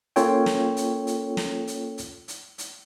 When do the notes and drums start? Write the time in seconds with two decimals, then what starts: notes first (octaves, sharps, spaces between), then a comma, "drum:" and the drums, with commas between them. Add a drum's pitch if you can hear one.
0.16 A#3 C#4 F4 A4 C#5 G5, drum: hi-hat
0.46 drum: snare
0.77 drum: hi-hat
1.07 drum: hi-hat
1.37 drum: snare
1.67 drum: hi-hat
1.98 drum: hi-hat
2.28 drum: hi-hat
2.58 drum: hi-hat